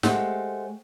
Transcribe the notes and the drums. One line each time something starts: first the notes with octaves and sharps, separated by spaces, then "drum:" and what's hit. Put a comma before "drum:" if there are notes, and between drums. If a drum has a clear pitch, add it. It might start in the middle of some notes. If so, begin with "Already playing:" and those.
G#3 A3 G4 C5 F#5 G5, drum: snare